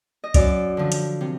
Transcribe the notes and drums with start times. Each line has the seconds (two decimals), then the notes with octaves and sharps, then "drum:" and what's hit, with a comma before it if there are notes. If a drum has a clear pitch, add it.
0.24 D#5
0.34 F#2 D5, drum: kick, hi-hat
0.77 D3 F3
0.92 drum: hi-hat
1.21 C3